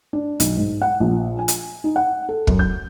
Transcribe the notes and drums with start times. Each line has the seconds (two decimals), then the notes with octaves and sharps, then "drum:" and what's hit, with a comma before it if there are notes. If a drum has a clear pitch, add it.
0.13 D4
0.40 B1, drum: hi-hat
0.57 G#2
0.82 F#5
1.00 A#1
1.39 G#5
1.48 drum: hi-hat
1.84 D#4
1.96 F#5
2.29 A4
2.47 F#2, drum: kick
2.59 G6